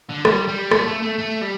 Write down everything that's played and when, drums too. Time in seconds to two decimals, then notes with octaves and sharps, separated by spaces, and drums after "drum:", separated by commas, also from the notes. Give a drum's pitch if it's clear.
0.09 D3
0.25 G3, drum: rim click
0.48 G3
0.71 A3, drum: rim click
0.88 A3
1.03 A3
1.18 A3
1.41 G3